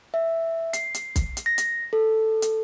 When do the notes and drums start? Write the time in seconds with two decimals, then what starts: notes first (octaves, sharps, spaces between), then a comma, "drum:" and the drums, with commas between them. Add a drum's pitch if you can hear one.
0.14 E5
0.73 C7, drum: hi-hat
0.94 drum: hi-hat
1.16 drum: kick B1, hi-hat
1.37 drum: hi-hat
1.46 A#6
1.58 drum: hi-hat
1.93 A4
2.42 drum: hi-hat